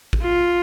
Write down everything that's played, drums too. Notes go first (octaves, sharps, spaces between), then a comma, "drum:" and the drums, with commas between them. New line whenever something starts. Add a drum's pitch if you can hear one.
drum: kick
F4